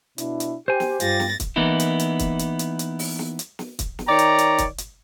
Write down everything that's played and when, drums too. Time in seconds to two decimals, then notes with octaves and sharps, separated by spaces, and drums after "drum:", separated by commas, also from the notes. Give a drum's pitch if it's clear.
0.18 B2 D4 E4, drum: hi-hat
0.40 drum: hi-hat
0.68 G4 C5 G#5
0.80 drum: snare
1.00 G2 F4 G4 A6 A#6, drum: hi-hat
1.20 drum: snare
1.40 drum: kick, hi-hat
1.56 E3 A#3 B3 D#4 E4
1.80 drum: hi-hat
1.99 drum: hi-hat
2.19 drum: kick, hi-hat
2.39 drum: hi-hat
2.59 drum: hi-hat
2.79 drum: hi-hat
2.99 drum: open hi-hat
3.19 drum: snare
3.39 drum: hi-hat
3.59 drum: snare
3.79 drum: kick, hi-hat
3.99 drum: snare
4.08 D#3 C#5 D5 G5 A#5
4.19 drum: hi-hat
4.38 drum: hi-hat
4.58 drum: kick, hi-hat
4.78 drum: hi-hat